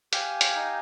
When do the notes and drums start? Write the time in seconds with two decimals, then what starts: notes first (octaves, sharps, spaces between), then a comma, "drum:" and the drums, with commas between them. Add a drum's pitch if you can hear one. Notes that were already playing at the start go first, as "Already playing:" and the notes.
0.13 G4 F5 G#5, drum: hi-hat
0.41 drum: hi-hat
0.56 D#4